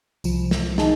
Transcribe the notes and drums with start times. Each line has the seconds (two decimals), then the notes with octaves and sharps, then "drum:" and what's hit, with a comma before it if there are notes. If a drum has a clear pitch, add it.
0.24 C2 F3, drum: tambourine
0.51 drum: snare
0.78 D#4 G#4 A5, drum: snare